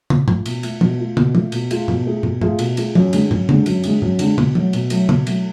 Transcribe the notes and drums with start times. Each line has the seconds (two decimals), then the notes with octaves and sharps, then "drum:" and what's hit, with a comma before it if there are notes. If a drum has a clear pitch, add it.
0.10 B2, drum: tom
0.28 A3 F4, drum: tom
0.46 B2, drum: cymbal
0.63 A3 F4, drum: cymbal
0.81 B2, drum: tom
0.99 A3 F4
1.17 B2, drum: tom
1.35 A3 F4, drum: tom
1.52 B2, drum: cymbal
1.71 A3 F4 G#4, drum: cymbal
1.88 B2, drum: tom
2.06 A3 F4 G#4
2.23 B2, drum: tom
2.41 A3 F4 G#4, drum: tom
2.59 B2, drum: cymbal
2.77 A3 F4 G#4, drum: cymbal
2.95 F#2, drum: tom
3.13 D3 G#3, drum: cymbal
3.31 F#2, drum: tom
3.49 D3 G#3, drum: tom
3.66 F#2, drum: cymbal
3.84 D3 G#3, drum: cymbal
4.02 F#2, drum: tom
4.19 D3 G#3, drum: cymbal
4.38 B2, drum: tom
4.55 F#3 A3, drum: tom
4.73 B2, drum: cymbal
4.90 F#3 A3, drum: cymbal
5.09 B2, drum: tom
5.27 F#3 A3, drum: cymbal